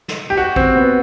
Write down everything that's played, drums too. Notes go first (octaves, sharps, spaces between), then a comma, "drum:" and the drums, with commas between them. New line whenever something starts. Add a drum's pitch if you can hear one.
drum: snare
G4
F#4
C4, drum: kick
B3